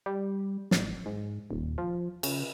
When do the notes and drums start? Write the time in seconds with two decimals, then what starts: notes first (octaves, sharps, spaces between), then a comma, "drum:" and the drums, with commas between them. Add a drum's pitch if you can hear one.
0.06 G3
0.71 A1, drum: snare
1.06 G#2
1.51 D#1
1.78 F3
2.23 C#3, drum: cymbal